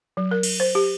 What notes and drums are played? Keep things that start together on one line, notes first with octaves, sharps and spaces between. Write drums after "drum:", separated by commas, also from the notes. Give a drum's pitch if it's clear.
F#3
A#4
drum: cymbal
C5
G4